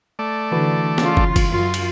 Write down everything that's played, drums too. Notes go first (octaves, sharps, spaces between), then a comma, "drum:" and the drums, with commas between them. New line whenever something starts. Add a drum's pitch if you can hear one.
A3 D5
D3 E3 F#4 B4
C#3 F4, drum: snare
drum: kick
drum: kick, cymbal
F#2 F4
drum: cymbal